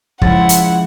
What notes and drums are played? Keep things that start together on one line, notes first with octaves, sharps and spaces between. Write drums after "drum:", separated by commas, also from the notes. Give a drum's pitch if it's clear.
C#2 F3 E4 F#5 A6, drum: kick
drum: hi-hat